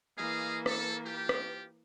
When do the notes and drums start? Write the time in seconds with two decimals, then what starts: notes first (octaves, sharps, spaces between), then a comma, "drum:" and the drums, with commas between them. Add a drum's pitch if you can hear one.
0.17 E3 A#3 G#4 D#5 F5
0.66 A4, drum: rim click
1.05 F4 G4
1.29 drum: rim click